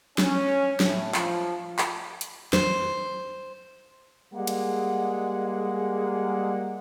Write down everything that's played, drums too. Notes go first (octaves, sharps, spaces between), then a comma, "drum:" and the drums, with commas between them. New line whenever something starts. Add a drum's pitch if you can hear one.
C#4, drum: snare
A2, drum: snare
F3, drum: clap
drum: clap
drum: hi-hat
C5, drum: snare
G3 G#3 A#3 G#4 F#5
drum: cymbal